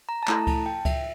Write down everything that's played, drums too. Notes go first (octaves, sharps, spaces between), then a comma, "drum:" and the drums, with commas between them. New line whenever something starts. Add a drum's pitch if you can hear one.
A#5
A5
A3 E4 A4 A#5, drum: clap
A5, drum: kick C#2, cymbal
G5
E5, drum: kick C#2, cymbal